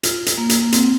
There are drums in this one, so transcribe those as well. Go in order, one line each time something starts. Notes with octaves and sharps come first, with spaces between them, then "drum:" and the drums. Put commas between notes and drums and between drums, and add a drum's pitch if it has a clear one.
F4, drum: hi-hat
drum: hi-hat
A#3
drum: hi-hat
A#3
C4, drum: hi-hat